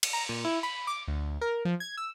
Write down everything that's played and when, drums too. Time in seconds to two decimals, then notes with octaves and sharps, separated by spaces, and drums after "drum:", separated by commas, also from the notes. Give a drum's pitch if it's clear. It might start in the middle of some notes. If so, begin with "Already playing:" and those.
0.03 drum: cymbal
0.13 A#5
0.29 A#2
0.45 E4
0.63 B5
0.87 D6
1.08 D2
1.41 A#4
1.65 F3
1.80 G#6
1.97 E6